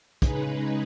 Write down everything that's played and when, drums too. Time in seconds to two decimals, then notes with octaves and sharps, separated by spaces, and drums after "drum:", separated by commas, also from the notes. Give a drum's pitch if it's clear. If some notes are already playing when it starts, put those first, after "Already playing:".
0.22 C#3 G#3 D#4 G#4 B4, drum: kick, hi-hat